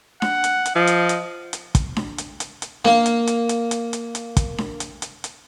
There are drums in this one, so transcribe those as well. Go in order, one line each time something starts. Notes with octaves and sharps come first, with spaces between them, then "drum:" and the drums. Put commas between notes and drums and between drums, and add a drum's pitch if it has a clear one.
F#5, drum: snare D4
drum: hi-hat
drum: hi-hat
F3 D#5
drum: hi-hat
drum: hi-hat
drum: hi-hat
drum: kick, hi-hat
drum: snare D4
drum: hi-hat
drum: hi-hat
drum: hi-hat
A#3 F5, drum: snare D4
drum: hi-hat
drum: hi-hat
drum: hi-hat
drum: hi-hat
drum: hi-hat
drum: hi-hat
drum: kick, hi-hat
drum: snare D4
drum: hi-hat
drum: hi-hat
drum: hi-hat